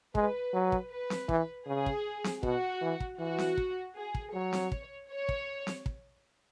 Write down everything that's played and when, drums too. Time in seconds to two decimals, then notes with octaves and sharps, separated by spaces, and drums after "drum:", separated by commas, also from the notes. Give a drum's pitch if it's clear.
0.15 G#3 B4, drum: kick
0.53 F#3
0.72 drum: kick
0.91 B4
1.10 drum: snare C4
1.29 E3, drum: kick
1.67 C#3 G#4
1.86 drum: kick
2.24 drum: snare C4
2.43 B2 F#4, drum: kick
2.82 E3
3.00 drum: kick
3.19 E3 F#4
3.38 drum: snare C4
3.57 drum: kick
3.96 G#4
4.15 drum: kick
4.33 F#3 C#5
4.53 drum: snare C4
4.72 drum: kick
5.10 C#5
5.29 drum: kick
5.67 drum: snare C4
5.86 drum: kick